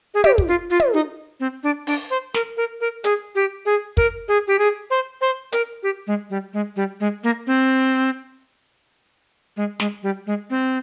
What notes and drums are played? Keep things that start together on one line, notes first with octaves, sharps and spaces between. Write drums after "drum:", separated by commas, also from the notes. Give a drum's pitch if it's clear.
G#4
G4, drum: tom
drum: kick
F4
F4
drum: tom
D#4
C4
D4
D4, drum: open hi-hat
C5
A#4, drum: snare
A#4
A#4
G#4, drum: hi-hat
G4
G#4
A#4, drum: kick
G#4
G4
G#4
C5
C5
A#4, drum: hi-hat
G4
G#3
G3
G#3
G3
G#3
A#3
C4
G#3
G#3, drum: snare
G3
G#3
C4